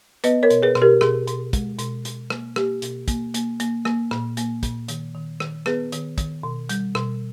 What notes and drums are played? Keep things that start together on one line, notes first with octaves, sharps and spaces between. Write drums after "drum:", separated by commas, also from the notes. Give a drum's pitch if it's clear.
B3 B4 D#5, drum: hi-hat
A#4 C#5
B2, drum: hi-hat
G#4 B4
B2, drum: rim click
G4 A#4
B2 G#4, drum: rim click
B2, drum: hi-hat
G#3, drum: kick, hi-hat
B2, drum: hi-hat
B2, drum: hi-hat
A#3, drum: rim click
A#3 G4, drum: rim click
B2, drum: hi-hat
A#3, drum: kick, hi-hat
A#3, drum: hi-hat
A#3, drum: hi-hat
A#3, drum: rim click
A#2, drum: rim click
A#3, drum: hi-hat
A#2, drum: kick, hi-hat
D#3, drum: hi-hat
D#3
D#3, drum: rim click
B3 G#4 B4, drum: rim click
D#3, drum: hi-hat
D#3, drum: kick, hi-hat
B2
G3, drum: hi-hat
B2, drum: rim click